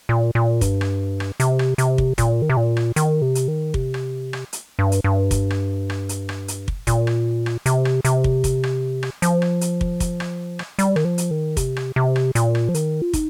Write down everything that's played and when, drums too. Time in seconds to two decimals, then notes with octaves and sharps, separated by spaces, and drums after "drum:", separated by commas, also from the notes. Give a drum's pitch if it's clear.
0.09 A#2
0.35 A#2
0.61 G2, drum: kick, hi-hat
0.81 drum: rim click
1.20 drum: rim click
1.40 C3, drum: hi-hat
1.59 drum: rim click
1.78 C3, drum: hi-hat
1.98 drum: kick
2.18 A#2, drum: kick, hi-hat
2.42 D#3
2.50 C3
2.57 A#2
2.77 drum: rim click
2.96 D#3, drum: hi-hat
3.22 C3
3.35 drum: hi-hat
3.48 D#3
3.74 C3, drum: kick
3.94 drum: rim click
4.33 drum: rim click
4.53 drum: hi-hat
4.79 G2
4.92 drum: hi-hat
5.04 G2
5.31 drum: kick, hi-hat
5.50 drum: rim click
5.90 drum: rim click
6.09 drum: hi-hat
6.29 drum: rim click
6.48 drum: hi-hat
6.68 drum: kick
6.87 A#2, drum: kick, hi-hat
7.07 drum: rim click
7.46 drum: rim click
7.66 C3, drum: hi-hat
7.85 drum: rim click
8.05 C3, drum: hi-hat
8.24 drum: kick
8.44 drum: kick, hi-hat
8.63 drum: rim click
9.03 drum: rim click
9.22 F3, drum: hi-hat
9.42 drum: rim click
9.61 drum: hi-hat
9.81 drum: kick
10.00 drum: kick, hi-hat
10.20 drum: rim click
10.59 drum: rim click
10.79 G3, drum: hi-hat
10.96 D#3, drum: rim click
11.05 F3
11.18 drum: hi-hat
11.31 D#3
11.57 C3, drum: kick, hi-hat
11.76 drum: rim click
11.96 C3
12.16 drum: rim click
12.35 A#2, drum: hi-hat
12.55 drum: rim click
12.69 F3
12.74 D#3, drum: hi-hat
13.02 F4
13.13 D#4, drum: kick, hi-hat